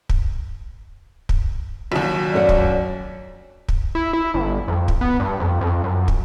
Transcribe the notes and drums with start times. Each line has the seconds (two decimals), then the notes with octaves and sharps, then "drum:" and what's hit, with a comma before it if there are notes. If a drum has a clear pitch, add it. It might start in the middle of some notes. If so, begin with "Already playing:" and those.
0.09 drum: kick
1.29 drum: kick
1.92 A#1 D#2 F#3
2.33 F#2 A#4 D5 F#5
2.49 drum: kick
3.69 drum: kick
3.95 E4
4.13 E4
4.34 G1
4.68 F2
4.88 drum: kick
5.01 B3
5.20 G2
5.40 F2
5.61 F2
5.84 F#2
6.08 drum: kick